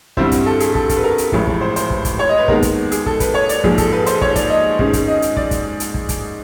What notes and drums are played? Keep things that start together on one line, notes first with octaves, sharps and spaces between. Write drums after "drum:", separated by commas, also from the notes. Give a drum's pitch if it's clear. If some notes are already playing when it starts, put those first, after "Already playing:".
G2 D3 G3 C4 E4 C5, drum: kick
drum: kick, hi-hat
A4
G#4, drum: hi-hat
A4, drum: kick
A4, drum: kick, hi-hat
B4
A#4
drum: hi-hat
A1 A2 F3 G#3, drum: kick
drum: kick
C5
C5, drum: hi-hat
drum: kick
drum: kick, hi-hat
C#5
D#5
B4
D#2 D#3 G#3 B3 A#4, drum: kick
drum: kick, hi-hat
G#4, drum: hi-hat
A4, drum: kick
B4, drum: kick, hi-hat
C#5
D5, drum: hi-hat
A#1 G#2 F3 G#4, drum: kick
A4, drum: kick, hi-hat
B4
C5, drum: hi-hat
C#5, drum: kick
D5, drum: kick, hi-hat
D#5
G#2 D#3 G#3 C#4, drum: kick
drum: kick, hi-hat
D#5
drum: hi-hat
D5, drum: kick
drum: kick, hi-hat
drum: hi-hat
drum: kick
drum: kick, hi-hat